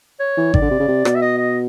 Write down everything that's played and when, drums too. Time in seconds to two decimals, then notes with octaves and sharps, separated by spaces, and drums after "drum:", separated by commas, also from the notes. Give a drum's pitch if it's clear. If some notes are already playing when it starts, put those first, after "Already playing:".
0.20 C#5
0.37 E3
0.54 D#3 D5, drum: kick G#1
0.62 D3
0.71 C3
0.80 C#3
0.88 C3
1.05 B2, drum: rim click
1.15 E5
1.22 D#5
1.38 D#5